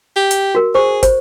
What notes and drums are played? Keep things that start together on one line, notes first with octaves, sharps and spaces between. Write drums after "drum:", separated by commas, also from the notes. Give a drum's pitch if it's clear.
G4
drum: hi-hat
F#4 A#4
G#4 C5 C#6
C5, drum: kick, hi-hat